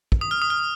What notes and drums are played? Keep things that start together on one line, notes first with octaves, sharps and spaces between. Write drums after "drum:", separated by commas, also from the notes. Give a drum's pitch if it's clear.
drum: kick
D#6
F6
D#6
F6